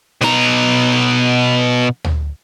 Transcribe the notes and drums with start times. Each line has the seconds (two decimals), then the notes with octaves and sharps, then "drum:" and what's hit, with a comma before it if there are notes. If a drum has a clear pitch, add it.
0.21 B2 A#5, drum: snare
2.04 drum: tom